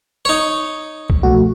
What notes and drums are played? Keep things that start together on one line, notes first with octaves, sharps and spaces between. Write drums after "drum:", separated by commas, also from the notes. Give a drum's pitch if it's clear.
D#4 C#5
drum: kick C2
B2 F3 A3 F#4